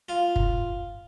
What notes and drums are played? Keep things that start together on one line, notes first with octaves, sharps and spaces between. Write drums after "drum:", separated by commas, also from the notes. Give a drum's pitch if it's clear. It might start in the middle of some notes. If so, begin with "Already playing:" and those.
F4
drum: kick